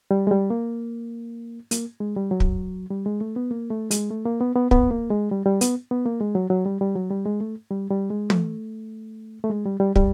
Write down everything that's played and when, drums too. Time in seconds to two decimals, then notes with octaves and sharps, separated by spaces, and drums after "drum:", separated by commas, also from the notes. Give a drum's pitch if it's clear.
0.11 G3
0.27 G#3
0.31 G3
0.50 A#3
1.71 A#3, drum: hi-hat
2.01 G#3
2.16 G3
2.31 F#3
2.40 drum: kick
2.91 G3
3.06 G#3
3.21 A3
3.36 B3
3.51 A#3
3.70 A3
3.91 G#3, drum: hi-hat
4.10 A3
4.26 A#3
4.41 B3
4.56 B3
4.71 B3, drum: kick
4.91 A#3
5.10 G#3
5.31 G3
5.46 G3
5.61 B3, drum: hi-hat
5.91 B3
6.05 A#3
6.21 G#3
6.35 F#3
6.50 F#3
6.66 G3
6.81 G3
6.95 F#3
7.11 G3
7.25 G#3
7.41 A3
7.71 G3
7.90 G3
8.10 G#3
8.30 A3, drum: tom
9.44 A3
9.50 G#3
9.66 G3
9.80 G3
9.96 G3, drum: kick